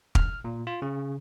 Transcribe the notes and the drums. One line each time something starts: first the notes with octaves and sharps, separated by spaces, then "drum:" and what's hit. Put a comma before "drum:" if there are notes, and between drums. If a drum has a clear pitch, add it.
F6, drum: kick
A#2
F4
C#3